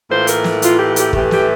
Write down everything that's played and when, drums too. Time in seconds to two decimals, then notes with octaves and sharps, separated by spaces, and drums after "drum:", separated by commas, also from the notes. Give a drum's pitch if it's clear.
0.09 A2 E3 A#3 F4 C5
0.27 A#4, drum: hi-hat
0.44 drum: snare
0.62 F4, drum: hi-hat
0.79 G4
0.96 G4, drum: hi-hat
1.13 A2 E3 A3 G4, drum: kick
1.31 G4, drum: snare